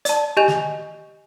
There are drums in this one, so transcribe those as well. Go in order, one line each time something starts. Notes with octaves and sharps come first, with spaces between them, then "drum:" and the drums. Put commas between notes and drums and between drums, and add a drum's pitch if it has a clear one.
D5 A5, drum: hi-hat
G4 D#5 G#5 G6 F7
drum: snare